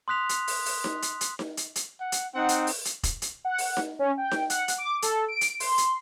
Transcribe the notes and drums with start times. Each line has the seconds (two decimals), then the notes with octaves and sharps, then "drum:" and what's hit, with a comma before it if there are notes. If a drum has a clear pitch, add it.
0.08 C6 D#6 F#6 B6 F7
0.29 drum: hi-hat
0.48 drum: open hi-hat
0.66 drum: open hi-hat
0.84 drum: snare D#4
1.02 drum: hi-hat
1.21 drum: hi-hat
1.39 drum: snare D#4
1.57 drum: hi-hat
1.76 drum: hi-hat
2.01 F#5
2.12 drum: hi-hat
2.35 C4 D#4 F#5
2.49 drum: hi-hat
2.67 drum: open hi-hat
2.85 drum: hi-hat
3.03 drum: kick E1, hi-hat
3.22 drum: hi-hat
3.45 F#5
3.58 drum: open hi-hat
3.77 drum: snare D#4
3.99 C#4
4.18 G5
4.31 drum: snare D#4
4.50 F#5, drum: hi-hat
4.68 drum: hi-hat
4.78 D6
5.02 A4, drum: hi-hat
5.28 D7
5.41 drum: hi-hat
5.60 C6, drum: open hi-hat
5.78 drum: hi-hat